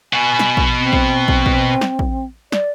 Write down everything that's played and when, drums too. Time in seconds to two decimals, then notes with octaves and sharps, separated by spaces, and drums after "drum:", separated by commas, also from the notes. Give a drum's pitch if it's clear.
0.13 B2 F#4 G#5
0.39 drum: snare
0.57 drum: kick
0.79 C4
0.93 drum: kick
1.28 drum: kick
1.46 drum: kick
1.81 drum: snare
1.99 drum: kick
2.52 D5, drum: snare